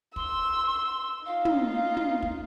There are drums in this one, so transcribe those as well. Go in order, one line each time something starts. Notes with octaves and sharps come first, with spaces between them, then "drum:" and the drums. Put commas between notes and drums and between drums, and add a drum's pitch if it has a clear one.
C6 E6, drum: kick
D#4 F4 F5
drum: tom
drum: tom
drum: kick